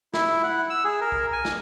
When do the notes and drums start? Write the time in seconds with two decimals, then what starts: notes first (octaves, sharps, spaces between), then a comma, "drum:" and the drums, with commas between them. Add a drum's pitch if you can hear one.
0.14 E4, drum: snare
0.43 F#5
0.70 E6
0.84 G#4
1.01 A#4
1.12 drum: kick
1.32 G#5
1.45 drum: snare